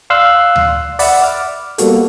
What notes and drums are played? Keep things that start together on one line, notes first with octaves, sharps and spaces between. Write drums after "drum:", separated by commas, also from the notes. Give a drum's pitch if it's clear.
D5 F5 C6 E6 F#6 C7
drum: tom D2
D5 E5 F#5 B5, drum: open hi-hat
D6 F6
G3 A#3 B3 F#4 A4, drum: hi-hat